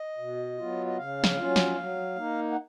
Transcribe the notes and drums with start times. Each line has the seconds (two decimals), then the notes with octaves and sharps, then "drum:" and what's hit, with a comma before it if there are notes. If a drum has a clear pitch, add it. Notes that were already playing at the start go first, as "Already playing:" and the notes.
Already playing: D#5
0.18 B2
0.58 F#3 B3 F4
0.86 D#5
0.97 C#3 F5
1.24 drum: snare
1.37 F#3 C#4 F4
1.56 drum: snare
1.77 F#3
2.16 A#3 D#4
2.51 F#5